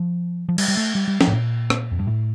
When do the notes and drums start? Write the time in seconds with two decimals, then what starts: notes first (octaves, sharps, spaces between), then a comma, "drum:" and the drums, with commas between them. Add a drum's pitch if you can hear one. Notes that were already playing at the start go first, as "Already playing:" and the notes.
Already playing: F3
0.49 F3
0.58 G3, drum: cymbal
0.68 G3
0.77 A3
0.95 G3
1.08 G3
1.21 F3, drum: snare
1.27 A2
1.32 A#2
1.70 drum: rim click
1.91 F2
1.99 G2
2.07 A2